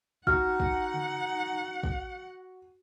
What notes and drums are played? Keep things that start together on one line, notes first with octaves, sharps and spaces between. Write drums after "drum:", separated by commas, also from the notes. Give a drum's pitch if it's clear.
D#4 F#4 F#5 F6, drum: kick
drum: kick
drum: tom C#3
drum: kick